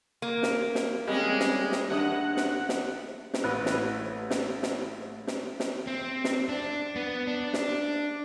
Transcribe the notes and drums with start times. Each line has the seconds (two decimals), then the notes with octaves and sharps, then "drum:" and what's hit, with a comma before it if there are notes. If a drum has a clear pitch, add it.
0.22 A#3
0.43 drum: snare
0.75 drum: snare
1.07 G3 G#3 C4 C#4 D#5
1.40 drum: snare
1.72 drum: snare
1.90 D#2 D4 G4 D#5 E5 F#5
2.37 drum: snare
2.69 drum: snare
3.34 drum: snare
3.44 A1 A3 E4 B4 F#6
3.66 drum: snare
4.30 drum: snare
4.63 drum: snare
5.27 drum: snare
5.60 drum: snare
5.87 C4
6.24 drum: snare
6.49 D4
6.96 B3
7.27 D4
7.53 drum: snare